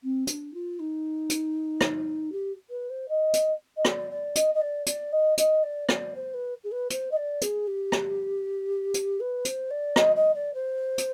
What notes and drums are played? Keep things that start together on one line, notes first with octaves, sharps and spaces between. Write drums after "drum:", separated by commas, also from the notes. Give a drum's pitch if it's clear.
C4
D4, drum: hi-hat
F4
D#4
drum: hi-hat
drum: rim click
G4
B4
C5
D#5
drum: hi-hat
D#5
D5, drum: rim click
D5
D#5, drum: hi-hat
D#5
D5
D5, drum: hi-hat
D#5
D#5, drum: hi-hat
D5
D5, drum: rim click
C5
B4
G#4
B4
C5, drum: hi-hat
D#5
D5
G#4, drum: hi-hat
G4
drum: rim click
drum: hi-hat
B4
C5, drum: hi-hat
D5
D#5, drum: rim click
D#5
D5
C5
drum: hi-hat